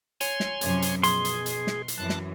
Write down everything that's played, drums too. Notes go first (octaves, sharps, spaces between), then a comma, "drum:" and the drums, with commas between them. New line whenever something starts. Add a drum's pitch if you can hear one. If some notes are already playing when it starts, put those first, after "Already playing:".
C#5 G#5 C6, drum: hi-hat
drum: snare
F#2 C3 F3, drum: hi-hat
drum: hi-hat
B2 G#4 C6, drum: hi-hat
drum: hi-hat
drum: hi-hat
drum: snare
drum: hi-hat
F#2 E3 A5 F#6
drum: snare